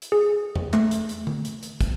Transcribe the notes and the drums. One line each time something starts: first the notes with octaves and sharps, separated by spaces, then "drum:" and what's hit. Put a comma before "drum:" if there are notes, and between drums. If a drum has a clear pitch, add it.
drum: hi-hat
G#4
drum: tom E2
A3, drum: clap
drum: hi-hat
drum: hi-hat
drum: tom D3
drum: hi-hat
drum: hi-hat
drum: kick, hi-hat